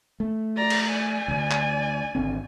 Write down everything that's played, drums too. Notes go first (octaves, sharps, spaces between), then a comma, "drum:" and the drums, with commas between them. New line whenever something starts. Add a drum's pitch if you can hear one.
A3
D5 A#5
drum: cymbal
D5 G#5
D2 D3
drum: clap
G#1 D3 C4